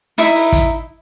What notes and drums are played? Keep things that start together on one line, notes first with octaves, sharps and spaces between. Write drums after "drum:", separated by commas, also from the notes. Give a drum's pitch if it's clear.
D#4 E4 E5, drum: hi-hat
drum: open hi-hat
drum: kick, hi-hat